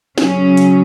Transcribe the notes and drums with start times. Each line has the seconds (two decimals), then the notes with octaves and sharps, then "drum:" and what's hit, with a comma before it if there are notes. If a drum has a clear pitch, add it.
0.18 C#3 F#3 C#4, drum: snare
0.57 drum: hi-hat